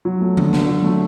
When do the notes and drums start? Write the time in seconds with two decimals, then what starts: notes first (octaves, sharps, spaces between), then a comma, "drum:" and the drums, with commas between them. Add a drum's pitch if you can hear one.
0.05 F#3
0.21 A3
0.37 D3, drum: tom D3
0.53 D3, drum: snare
0.69 F#3
0.84 A3